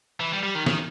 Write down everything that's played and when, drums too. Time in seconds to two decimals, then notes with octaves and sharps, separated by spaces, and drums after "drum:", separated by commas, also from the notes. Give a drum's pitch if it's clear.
0.20 E3
0.33 G3
0.43 G3
0.55 D#3
0.66 D#3, drum: snare